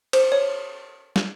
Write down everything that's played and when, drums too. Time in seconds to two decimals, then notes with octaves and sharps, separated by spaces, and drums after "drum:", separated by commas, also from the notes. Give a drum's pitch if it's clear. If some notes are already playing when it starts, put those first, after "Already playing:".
0.13 C5, drum: cymbal
0.32 C#5
1.16 drum: snare